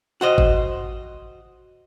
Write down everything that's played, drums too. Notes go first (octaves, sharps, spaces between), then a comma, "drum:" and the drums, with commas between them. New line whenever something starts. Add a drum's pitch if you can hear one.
F#4 C5 D#5
drum: kick G#1